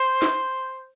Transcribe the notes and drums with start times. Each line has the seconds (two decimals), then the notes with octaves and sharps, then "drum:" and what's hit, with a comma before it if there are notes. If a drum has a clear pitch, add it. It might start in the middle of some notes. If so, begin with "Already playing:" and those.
Already playing: C5
0.22 drum: snare